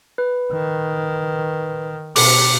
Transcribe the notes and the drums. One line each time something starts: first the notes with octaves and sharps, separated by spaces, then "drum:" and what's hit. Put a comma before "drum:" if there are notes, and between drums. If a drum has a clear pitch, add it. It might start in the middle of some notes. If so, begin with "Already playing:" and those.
B4
D#3
B2 D6 C#7, drum: open hi-hat